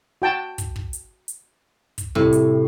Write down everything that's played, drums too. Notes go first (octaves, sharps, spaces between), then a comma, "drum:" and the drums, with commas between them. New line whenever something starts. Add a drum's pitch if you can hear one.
F#4 G5 A5
drum: kick, hi-hat
drum: kick
drum: hi-hat
drum: hi-hat
drum: kick, hi-hat
A2 C3 G3 E4 G4, drum: kick
drum: hi-hat